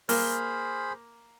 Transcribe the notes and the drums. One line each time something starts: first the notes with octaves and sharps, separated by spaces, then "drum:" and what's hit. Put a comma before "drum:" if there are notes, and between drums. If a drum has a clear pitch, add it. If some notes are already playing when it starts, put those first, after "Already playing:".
A#3 G#4 C5 B5 F6, drum: open hi-hat